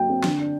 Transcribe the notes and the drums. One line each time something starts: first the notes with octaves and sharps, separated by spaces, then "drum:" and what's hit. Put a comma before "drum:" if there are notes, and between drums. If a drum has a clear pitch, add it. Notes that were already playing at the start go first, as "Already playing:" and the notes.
Already playing: F#3 A#3 G5
C4
D3, drum: snare
D4